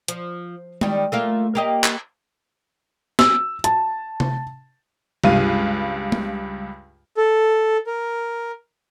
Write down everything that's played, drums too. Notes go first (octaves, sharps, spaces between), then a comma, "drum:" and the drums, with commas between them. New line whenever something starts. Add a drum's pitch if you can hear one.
F3, drum: hi-hat
D#3 G3, drum: tom G#3
A3 A#3 F4
A#3 G4 D#5
drum: clap
E6, drum: snare
A5, drum: hi-hat
drum: tom C3
C#2 G2 F5 D#7, drum: tom C3
drum: tom G#3
A4
A#4